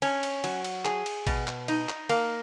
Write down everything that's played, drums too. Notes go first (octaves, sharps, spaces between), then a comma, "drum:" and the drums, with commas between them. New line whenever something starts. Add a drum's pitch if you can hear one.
C#4, drum: cymbal
drum: cymbal
F#3, drum: cymbal
drum: cymbal
G#4, drum: clap
drum: cymbal
B2, drum: kick, cymbal
drum: clap
D#4, drum: cymbal
drum: clap
A#3, drum: cymbal